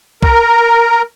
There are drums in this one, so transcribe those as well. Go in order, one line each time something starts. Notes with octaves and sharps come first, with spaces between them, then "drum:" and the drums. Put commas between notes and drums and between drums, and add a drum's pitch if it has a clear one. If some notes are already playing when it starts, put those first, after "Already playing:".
A#4, drum: kick C2